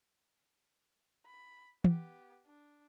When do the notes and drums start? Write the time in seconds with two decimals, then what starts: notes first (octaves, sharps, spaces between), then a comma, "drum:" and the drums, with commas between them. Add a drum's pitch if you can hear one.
1.26 B5
1.84 B3 G4, drum: tom
2.46 D4